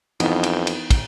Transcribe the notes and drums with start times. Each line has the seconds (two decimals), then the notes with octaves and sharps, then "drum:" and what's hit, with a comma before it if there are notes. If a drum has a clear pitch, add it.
0.20 F2 E3 B3 D#4, drum: cymbal
0.43 drum: cymbal
0.67 drum: cymbal
0.90 drum: kick, cymbal